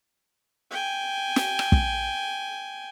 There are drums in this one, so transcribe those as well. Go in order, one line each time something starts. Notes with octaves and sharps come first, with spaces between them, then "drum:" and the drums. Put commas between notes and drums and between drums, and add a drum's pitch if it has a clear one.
G5 G#5
drum: snare
drum: rim click
drum: kick